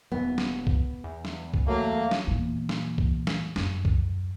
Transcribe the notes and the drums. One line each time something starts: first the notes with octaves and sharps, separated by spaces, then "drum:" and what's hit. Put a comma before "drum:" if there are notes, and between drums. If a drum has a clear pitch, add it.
D#1 B3
drum: snare
drum: kick
E2
drum: snare
drum: kick
F#3 A3 A#3
drum: snare
E2 A#2
drum: snare
drum: kick
drum: snare
F#2, drum: snare
drum: kick